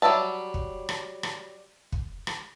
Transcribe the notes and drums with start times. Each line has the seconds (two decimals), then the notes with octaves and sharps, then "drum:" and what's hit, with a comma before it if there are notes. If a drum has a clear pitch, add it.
0.02 F#3 G3 B4 E5 A5
0.54 drum: kick
0.89 drum: rim click
1.23 drum: rim click
1.92 drum: kick
2.27 drum: rim click